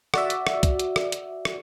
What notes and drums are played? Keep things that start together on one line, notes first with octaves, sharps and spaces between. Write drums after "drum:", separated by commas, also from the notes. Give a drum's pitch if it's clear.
F#4 D5 E5, drum: rim click
drum: hi-hat
drum: rim click
drum: kick, hi-hat
drum: hi-hat
drum: rim click
drum: hi-hat
drum: rim click